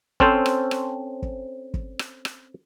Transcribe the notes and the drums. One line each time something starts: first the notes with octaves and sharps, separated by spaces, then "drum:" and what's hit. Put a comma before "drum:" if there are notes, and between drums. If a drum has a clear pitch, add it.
C4 C#4 A4 C5, drum: kick
drum: rim click
drum: rim click
drum: kick
drum: kick
drum: rim click
drum: rim click